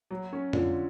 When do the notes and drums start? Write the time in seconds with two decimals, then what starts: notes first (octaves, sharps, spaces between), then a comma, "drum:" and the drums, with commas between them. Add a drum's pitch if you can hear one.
0.11 F#3
0.33 C#4
0.53 D3 F4, drum: tom F2